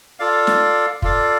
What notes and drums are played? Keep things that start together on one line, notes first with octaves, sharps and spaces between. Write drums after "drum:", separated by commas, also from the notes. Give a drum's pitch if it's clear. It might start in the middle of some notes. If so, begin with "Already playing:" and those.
F4 A4 D5 F5
drum: snare
F4 A4 D5 F5, drum: kick